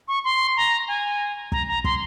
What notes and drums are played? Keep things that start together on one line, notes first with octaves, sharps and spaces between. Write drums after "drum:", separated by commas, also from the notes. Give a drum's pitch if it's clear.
C#6
C6
A#5
G#5
A#5, drum: kick
A#5
C6, drum: kick